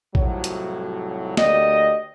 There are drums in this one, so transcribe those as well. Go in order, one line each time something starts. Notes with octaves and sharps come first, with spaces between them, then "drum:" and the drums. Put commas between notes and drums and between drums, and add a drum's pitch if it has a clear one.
C2 F2 A2 F#3, drum: kick
drum: hi-hat
D2 A#3 G4 D5 D#5, drum: snare